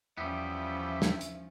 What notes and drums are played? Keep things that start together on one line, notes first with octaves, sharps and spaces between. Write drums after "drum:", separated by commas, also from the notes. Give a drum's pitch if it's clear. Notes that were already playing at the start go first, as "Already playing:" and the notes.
E2 F3 G3 B3 C#4 E4 E5 G5
drum: snare
drum: hi-hat